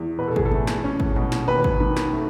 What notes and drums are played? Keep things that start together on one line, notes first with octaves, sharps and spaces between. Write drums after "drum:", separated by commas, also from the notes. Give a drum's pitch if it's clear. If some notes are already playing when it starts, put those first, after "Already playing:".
Already playing: E2
B2 B4
A4
G#4, drum: kick
A4
A3, drum: tom G#2
drum: snare
C#4
drum: kick
B2, drum: tom F#3
drum: snare
D#2 B4
drum: kick
D#3, drum: tom F#3
drum: snare
A3